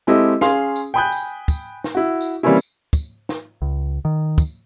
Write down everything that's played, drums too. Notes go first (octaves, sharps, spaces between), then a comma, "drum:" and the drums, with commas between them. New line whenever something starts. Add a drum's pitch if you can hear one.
G#3 C4 E4 G4 A4 D#5
C#4 G#4 F5 C6, drum: snare
drum: tambourine
G5 G#5 B5 D#6 F#6 G6
drum: tambourine
drum: kick, tambourine
drum: snare
E4 F#4
drum: tambourine
E3 G3 A#3 C4 C#4 E4
drum: tambourine
drum: kick, tambourine
drum: snare
C#2
D#3
drum: kick, tambourine